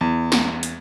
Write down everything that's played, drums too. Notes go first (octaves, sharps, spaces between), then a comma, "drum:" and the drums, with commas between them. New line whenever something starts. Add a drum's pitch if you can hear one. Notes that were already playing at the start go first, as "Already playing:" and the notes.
E2
drum: snare
drum: hi-hat